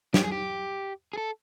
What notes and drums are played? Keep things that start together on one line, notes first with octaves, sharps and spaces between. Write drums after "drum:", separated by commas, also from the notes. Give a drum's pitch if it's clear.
G4, drum: snare
G#4
G4
G#4
A4